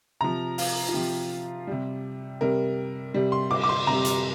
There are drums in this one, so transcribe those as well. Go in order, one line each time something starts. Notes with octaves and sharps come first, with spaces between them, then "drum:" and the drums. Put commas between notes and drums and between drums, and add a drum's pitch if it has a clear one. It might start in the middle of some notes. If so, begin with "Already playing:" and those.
C3 F3 A#5
F5, drum: open hi-hat
F4
C3 F3 G4
C3 G3
C3 G3 A#4
C3 G3
C6
D6, drum: cymbal
D6
C6
C3 G3 A#5
drum: hi-hat